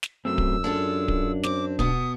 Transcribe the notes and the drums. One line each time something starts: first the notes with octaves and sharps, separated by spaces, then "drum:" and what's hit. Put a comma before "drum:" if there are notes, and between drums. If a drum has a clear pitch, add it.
drum: snare
F#2 F#3 A3 C4 E6
drum: kick D1
G#3 D4 F4 A4
drum: kick D1
C4 D6, drum: snare
B2 B3 D#6, drum: kick D1